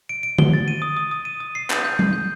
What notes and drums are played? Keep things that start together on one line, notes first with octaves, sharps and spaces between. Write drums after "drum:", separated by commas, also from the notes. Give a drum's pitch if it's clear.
D7
D7
G7, drum: tom D3
A6
D#7
D#6
D#6
D#6
D#7
D#6
C7
G6, drum: clap
G6
C7, drum: tom G3
G6